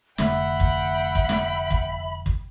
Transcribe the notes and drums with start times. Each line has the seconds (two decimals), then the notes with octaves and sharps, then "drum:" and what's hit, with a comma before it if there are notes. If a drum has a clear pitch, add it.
0.18 F1 D3 A3 E5 F#5 G5 B5, drum: snare
0.60 drum: kick
1.15 drum: kick
1.29 drum: snare
1.71 drum: kick
2.26 drum: kick